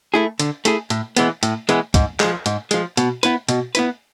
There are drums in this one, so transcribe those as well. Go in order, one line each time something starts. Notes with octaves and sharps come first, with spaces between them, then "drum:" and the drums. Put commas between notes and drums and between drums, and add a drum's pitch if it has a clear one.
A3 E4 G#4
D3, drum: hi-hat
A3 E4 G#4, drum: hi-hat
A2, drum: hi-hat
E3 G#3 B3, drum: hi-hat
A2, drum: hi-hat
E3 G#3 B3, drum: hi-hat
G#2, drum: kick, hi-hat
F3 G#3, drum: clap
G#2, drum: hi-hat
F3 G#3, drum: hi-hat
B2, drum: hi-hat
B3 E4 B4, drum: hi-hat
B2, drum: hi-hat
B3 E4 B4, drum: hi-hat